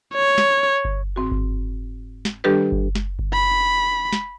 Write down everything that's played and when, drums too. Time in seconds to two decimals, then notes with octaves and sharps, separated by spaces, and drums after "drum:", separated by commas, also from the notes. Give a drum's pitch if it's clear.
0.14 C#5
0.38 drum: snare
0.85 drum: kick G1
1.16 G#2 C4 F#4
1.31 drum: kick G1
2.25 drum: snare
2.44 D#3 G3 D4 G4 A4 B4
2.72 drum: kick G1
2.95 drum: snare
3.19 drum: kick G1
3.33 B5
4.13 drum: snare